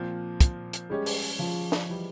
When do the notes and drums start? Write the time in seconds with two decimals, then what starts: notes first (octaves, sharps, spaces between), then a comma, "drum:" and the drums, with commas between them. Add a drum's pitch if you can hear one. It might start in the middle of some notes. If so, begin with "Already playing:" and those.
Already playing: A#2 F3 C4
0.41 drum: kick, hi-hat
0.73 drum: hi-hat
0.90 G3 G#3 C#4 G4 C#5
1.06 drum: open hi-hat
1.39 F3
1.72 drum: snare
1.89 E3 G3